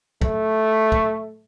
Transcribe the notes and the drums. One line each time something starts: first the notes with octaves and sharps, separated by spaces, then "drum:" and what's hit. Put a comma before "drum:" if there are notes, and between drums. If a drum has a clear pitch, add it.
A3, drum: kick
drum: kick